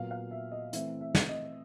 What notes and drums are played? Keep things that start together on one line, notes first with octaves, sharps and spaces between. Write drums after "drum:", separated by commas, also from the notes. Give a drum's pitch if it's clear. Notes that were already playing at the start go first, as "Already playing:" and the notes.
Already playing: A#2 F#3 B3 F5
F5
E5
D#5
E3 A3 C4 E5, drum: hi-hat
E5
drum: snare
D#5